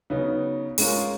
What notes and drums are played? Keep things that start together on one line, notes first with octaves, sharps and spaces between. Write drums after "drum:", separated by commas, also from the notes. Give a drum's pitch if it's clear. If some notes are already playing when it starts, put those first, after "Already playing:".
C#3 F#3 B3 D#4
G#3 C#4 F4 A#4, drum: open hi-hat